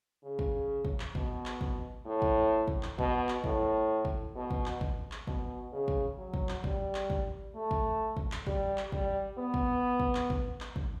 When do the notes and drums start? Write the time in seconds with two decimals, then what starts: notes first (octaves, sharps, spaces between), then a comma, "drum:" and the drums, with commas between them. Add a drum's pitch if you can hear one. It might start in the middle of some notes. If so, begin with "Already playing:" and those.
0.24 C#3
0.39 drum: kick
0.85 drum: kick
1.00 drum: clap
1.15 B2, drum: kick
1.46 drum: clap
1.61 drum: kick
2.06 A2
2.22 drum: kick
2.68 drum: kick
2.83 drum: clap
2.99 B2, drum: kick
3.29 drum: clap
3.44 A2, drum: kick
4.05 drum: kick
4.36 B2
4.51 drum: kick
4.66 drum: clap
4.81 drum: kick
5.12 drum: clap
5.27 B2, drum: kick
5.72 C#3
5.88 drum: kick
6.18 F#3
6.34 drum: kick
6.49 drum: clap
6.64 G3, drum: kick
6.95 drum: clap
7.10 drum: kick
7.55 A3
7.71 drum: kick
8.17 drum: kick
8.32 drum: clap
8.47 G3, drum: kick
8.78 drum: clap
8.92 G3, drum: kick
9.38 B3
9.54 drum: kick
10.00 drum: kick
10.15 drum: clap
10.30 drum: kick
10.61 drum: clap
10.76 drum: kick